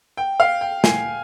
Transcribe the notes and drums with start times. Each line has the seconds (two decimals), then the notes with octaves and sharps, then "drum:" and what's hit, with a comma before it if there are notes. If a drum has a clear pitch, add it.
0.17 G5
0.40 F5
0.61 G5
0.84 G#5, drum: snare